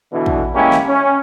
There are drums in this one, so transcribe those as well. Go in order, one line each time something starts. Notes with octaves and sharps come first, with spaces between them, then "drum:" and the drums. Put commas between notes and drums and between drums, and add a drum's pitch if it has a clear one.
B2 D3 E3
drum: kick
G3 G#3 A#3 C#4 E4 G4
drum: snare
C#4